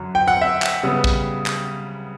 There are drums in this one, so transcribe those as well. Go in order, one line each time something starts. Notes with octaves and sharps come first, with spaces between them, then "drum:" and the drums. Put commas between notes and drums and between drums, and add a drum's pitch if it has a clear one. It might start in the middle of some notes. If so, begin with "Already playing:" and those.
Already playing: F#2 D3 F#3
G5
F#5
E5
drum: clap
C#3 G3 B3
drum: kick
drum: clap